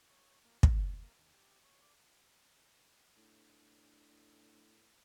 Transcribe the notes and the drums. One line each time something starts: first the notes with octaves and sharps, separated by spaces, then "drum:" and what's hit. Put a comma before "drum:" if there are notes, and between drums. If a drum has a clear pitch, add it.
C#5
A#3
G2, drum: kick
C#4
A#3
D#2
G4
C#5
D5
A2 D4